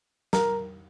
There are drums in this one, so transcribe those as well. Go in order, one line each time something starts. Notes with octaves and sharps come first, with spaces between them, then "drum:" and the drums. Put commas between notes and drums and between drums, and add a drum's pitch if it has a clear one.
A#4, drum: snare